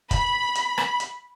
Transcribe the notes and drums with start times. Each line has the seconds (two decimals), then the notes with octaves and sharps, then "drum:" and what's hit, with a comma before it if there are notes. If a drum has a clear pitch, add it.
0.11 B5, drum: kick, hi-hat
0.55 drum: hi-hat
0.78 drum: rim click
1.00 drum: hi-hat